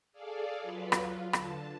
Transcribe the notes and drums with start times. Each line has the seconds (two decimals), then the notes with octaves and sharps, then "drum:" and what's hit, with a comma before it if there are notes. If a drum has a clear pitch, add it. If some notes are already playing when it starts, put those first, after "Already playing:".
0.13 G#4 A4 D5 F5
0.61 F#3 F4 B4
0.92 drum: rim click
1.03 F4
1.33 D3 A5, drum: rim click